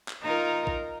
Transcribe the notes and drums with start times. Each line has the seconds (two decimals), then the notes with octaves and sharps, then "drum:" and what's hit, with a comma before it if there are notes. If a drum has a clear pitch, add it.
0.08 drum: clap
0.22 D#4 F4 A#4
0.67 drum: kick A#1